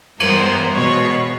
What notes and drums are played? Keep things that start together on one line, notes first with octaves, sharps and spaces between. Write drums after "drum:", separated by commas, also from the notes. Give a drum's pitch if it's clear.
G2 E3 G#3 B3 A#4 C5, drum: cymbal
B2 G#3 B3 B4 C#5